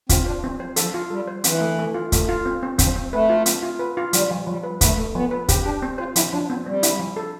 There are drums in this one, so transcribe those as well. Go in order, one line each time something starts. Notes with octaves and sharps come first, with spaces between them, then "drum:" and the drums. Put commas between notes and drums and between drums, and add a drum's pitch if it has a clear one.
C4 F4, drum: kick, hi-hat
D4 C5
E3 C4
F3 C5
F3 A4, drum: hi-hat
F4
G3 A4
C5
E3 C4, drum: hi-hat
A3
A3
F4
A3, drum: kick, hi-hat
F4
C4
C4
F3 C4, drum: kick, hi-hat
C4
A3 B4
F4
C4, drum: hi-hat
F4
B4
F4
F3 G3, drum: hi-hat
F3
F3 G3
B4
A3 B4, drum: kick, hi-hat
A3
F3 B3
B4
C4 G4, drum: kick, hi-hat
D4 G4
C4
F4 C5
F3 E4, drum: hi-hat
F3 D4
B3 C4
G3 C4
E4, drum: hi-hat
F3
A4